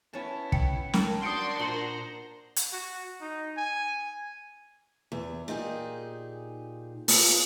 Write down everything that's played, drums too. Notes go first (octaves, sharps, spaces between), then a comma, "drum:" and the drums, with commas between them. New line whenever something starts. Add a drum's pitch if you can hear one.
B3 C#4 E4 A5
G5 C#7, drum: kick
A#4 G5 A5, drum: snare
D4 F#4 D5 C6 D#6 G6 C#7 D7
A#2 C5 A#5 C#7 F#7 G7
drum: hi-hat
F#4
D#4
G#5
E2
A#2 D#4 G4 G#4
B3 F4 G#4, drum: open hi-hat